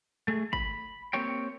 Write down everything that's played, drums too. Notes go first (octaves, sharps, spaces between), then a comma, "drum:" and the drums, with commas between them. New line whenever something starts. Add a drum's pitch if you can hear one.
A3 G#4
B5, drum: kick
A#3 C4 G4 C#5 G5